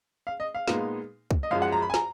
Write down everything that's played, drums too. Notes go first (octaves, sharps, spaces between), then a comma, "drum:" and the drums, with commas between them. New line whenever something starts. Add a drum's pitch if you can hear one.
F5
D#5
F5
A#2 G#3 B3 D#4, drum: snare
drum: kick
D#5
F#2 F3 G#3 F5
F#5
A#5
B5
G#5
A#5, drum: snare